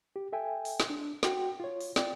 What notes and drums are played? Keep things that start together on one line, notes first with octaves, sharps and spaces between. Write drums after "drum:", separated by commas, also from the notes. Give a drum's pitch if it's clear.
G4
A4 E5 G5 G#5
drum: open hi-hat
drum: snare
D4
F#4 G5, drum: snare
F4 C#5
drum: open hi-hat
C4 F4 D5 G5, drum: snare